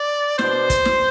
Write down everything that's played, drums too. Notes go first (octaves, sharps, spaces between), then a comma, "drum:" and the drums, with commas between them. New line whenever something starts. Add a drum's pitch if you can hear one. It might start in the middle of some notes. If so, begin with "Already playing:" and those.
Already playing: D5
B2 B3 D4 C5, drum: snare
drum: kick, hi-hat
drum: snare